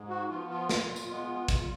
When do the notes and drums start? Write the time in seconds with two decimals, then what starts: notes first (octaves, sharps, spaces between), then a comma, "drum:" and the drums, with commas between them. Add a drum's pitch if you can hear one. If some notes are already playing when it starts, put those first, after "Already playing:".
Already playing: G#2
0.09 F#4
0.29 F3 B3 F4
0.49 F4
0.69 A#2, drum: snare
0.96 drum: tambourine
1.10 G#3 B3
1.48 A#2, drum: kick, tambourine